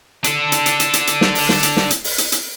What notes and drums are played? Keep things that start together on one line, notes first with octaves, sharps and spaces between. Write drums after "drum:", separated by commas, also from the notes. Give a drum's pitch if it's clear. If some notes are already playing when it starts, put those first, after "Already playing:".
D4 A4, drum: hi-hat
drum: hi-hat
drum: hi-hat
drum: hi-hat
drum: hi-hat
drum: hi-hat
drum: snare
drum: open hi-hat
drum: snare
drum: hi-hat
drum: snare
drum: hi-hat
drum: open hi-hat
drum: hi-hat
drum: hi-hat